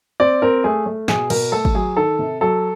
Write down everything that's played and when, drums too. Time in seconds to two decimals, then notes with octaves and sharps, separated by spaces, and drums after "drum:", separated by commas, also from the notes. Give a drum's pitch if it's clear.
0.20 C4 D5
0.42 C4 A#4
0.64 A3 G#4
0.86 A3
1.08 B2 G#4, drum: snare
1.30 B2 A#4, drum: cymbal
1.52 A3 A4
1.65 drum: kick G#1
1.74 F#3 G#4
1.97 D#3 A4
2.19 C3
2.41 F#3 A4